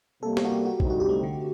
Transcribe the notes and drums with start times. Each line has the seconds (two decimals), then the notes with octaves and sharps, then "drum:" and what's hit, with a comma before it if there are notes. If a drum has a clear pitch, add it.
0.22 C3 G3 A#3 A4
0.37 A4, drum: snare
0.45 F#4
0.52 G4
0.65 F#4
0.80 D2 C3 G3 C4 D#4, drum: kick
0.90 F#4
1.00 G4
1.09 A3
1.23 D3